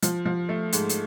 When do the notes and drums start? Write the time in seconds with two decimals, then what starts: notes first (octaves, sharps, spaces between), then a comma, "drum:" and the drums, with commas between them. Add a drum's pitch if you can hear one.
0.03 F3, drum: hi-hat
0.25 F3
0.49 A3
0.73 G#2, drum: hi-hat
0.89 drum: hi-hat